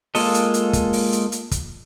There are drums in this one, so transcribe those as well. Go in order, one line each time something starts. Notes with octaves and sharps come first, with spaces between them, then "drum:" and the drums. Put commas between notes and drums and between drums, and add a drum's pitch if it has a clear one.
G#3 A#3 F4 A4 D#5, drum: open hi-hat
drum: hi-hat
drum: hi-hat
drum: kick, hi-hat
drum: open hi-hat
drum: hi-hat
drum: hi-hat
drum: kick, hi-hat